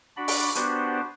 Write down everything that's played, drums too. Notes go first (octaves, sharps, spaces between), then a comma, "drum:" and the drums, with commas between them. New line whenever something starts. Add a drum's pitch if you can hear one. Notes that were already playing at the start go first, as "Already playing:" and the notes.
D4 F#4 D5 B5
drum: open hi-hat
B3 D4 F#4 G4 B4 C5, drum: hi-hat